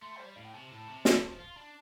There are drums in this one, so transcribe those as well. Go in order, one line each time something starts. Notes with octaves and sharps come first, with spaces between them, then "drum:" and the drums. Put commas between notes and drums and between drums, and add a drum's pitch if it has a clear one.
A3 C6
G3 C5
D5
A2 F5
G5
C3 A5
A2
C3
D3, drum: snare
F3
F4
C6
D4 A5